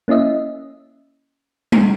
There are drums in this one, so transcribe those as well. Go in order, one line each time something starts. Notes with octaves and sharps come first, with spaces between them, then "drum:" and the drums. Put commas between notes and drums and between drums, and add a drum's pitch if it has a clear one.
A#3 C#4 E4 D#5 E5
drum: tom G3